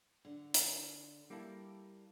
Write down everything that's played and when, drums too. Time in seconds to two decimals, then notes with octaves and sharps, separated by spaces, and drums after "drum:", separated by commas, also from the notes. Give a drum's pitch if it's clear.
0.25 D3
0.54 drum: hi-hat
1.30 G3 A#3 E4 A4